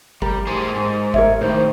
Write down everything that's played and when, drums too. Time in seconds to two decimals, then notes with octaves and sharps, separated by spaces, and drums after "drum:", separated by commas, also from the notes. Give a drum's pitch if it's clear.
0.22 G3 A#4, drum: kick G1
0.47 A2 G#4 C5
0.75 G#2
1.14 A#4 C#5 E5, drum: kick G1
1.41 A2 D#3 C5